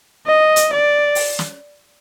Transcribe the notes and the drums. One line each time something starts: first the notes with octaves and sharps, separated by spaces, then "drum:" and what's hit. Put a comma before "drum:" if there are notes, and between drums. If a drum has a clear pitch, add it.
D#5
drum: hi-hat
D5
drum: open hi-hat
drum: snare